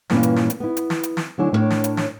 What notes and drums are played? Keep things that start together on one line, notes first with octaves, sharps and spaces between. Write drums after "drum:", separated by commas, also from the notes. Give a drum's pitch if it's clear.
G2 A#2 E3 A#3 C4 C#4, drum: snare
drum: hi-hat
drum: snare
drum: hi-hat
B3 E4
drum: hi-hat
drum: snare
drum: hi-hat
drum: snare
D3 F#3 D4 E4 G#5
A2 B3 D4 A#4 C#5
drum: snare
drum: hi-hat
drum: snare